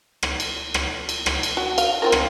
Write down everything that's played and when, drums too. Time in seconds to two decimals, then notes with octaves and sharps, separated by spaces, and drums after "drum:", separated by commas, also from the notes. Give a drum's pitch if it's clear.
0.23 drum: rim click
0.40 drum: cymbal
0.74 drum: rim click
1.09 drum: cymbal
1.26 drum: rim click
1.43 drum: cymbal
1.57 F#4
1.78 F5, drum: cymbal
2.02 C4 F4 A#4
2.12 drum: rim click